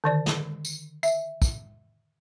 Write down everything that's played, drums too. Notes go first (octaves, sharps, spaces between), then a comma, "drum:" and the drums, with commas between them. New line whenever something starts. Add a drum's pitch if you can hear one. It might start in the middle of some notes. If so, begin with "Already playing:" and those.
D3 D#3 D5
drum: snare
drum: tambourine
E5, drum: tambourine
drum: kick, tambourine